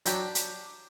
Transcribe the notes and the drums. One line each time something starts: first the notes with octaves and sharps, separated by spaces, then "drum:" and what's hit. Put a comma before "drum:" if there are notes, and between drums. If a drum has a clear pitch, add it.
F#3 D4 G4 D5, drum: hi-hat
drum: hi-hat